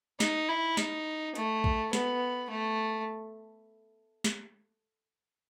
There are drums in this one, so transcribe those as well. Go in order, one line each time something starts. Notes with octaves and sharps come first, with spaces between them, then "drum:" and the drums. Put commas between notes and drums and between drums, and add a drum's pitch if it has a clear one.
D#4, drum: snare
E4
D#4, drum: snare
A3, drum: hi-hat
drum: kick A#1
B3, drum: snare
A3
drum: snare